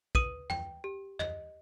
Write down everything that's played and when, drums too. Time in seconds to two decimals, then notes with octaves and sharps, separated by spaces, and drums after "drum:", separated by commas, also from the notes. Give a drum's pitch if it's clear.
0.15 B4 D#6 D#7, drum: kick
0.50 G5, drum: tom
0.84 G4
1.19 D#5, drum: tom